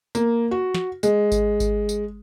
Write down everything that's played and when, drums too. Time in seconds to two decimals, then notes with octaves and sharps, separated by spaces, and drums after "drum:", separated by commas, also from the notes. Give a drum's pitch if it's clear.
0.15 A#3, drum: tambourine
0.51 F#4
0.74 drum: snare
1.03 G#3, drum: tambourine
1.32 drum: kick G#1, tambourine
1.60 drum: kick G#1, tambourine
1.89 drum: tambourine